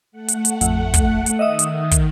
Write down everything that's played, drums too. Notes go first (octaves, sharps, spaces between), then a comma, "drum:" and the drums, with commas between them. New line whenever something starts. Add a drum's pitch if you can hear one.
A3 F#5
drum: hi-hat
drum: hi-hat
A1 F2, drum: hi-hat
drum: kick, hi-hat
drum: hi-hat
D#3 D#5 E5 D#6
drum: hi-hat
drum: kick, hi-hat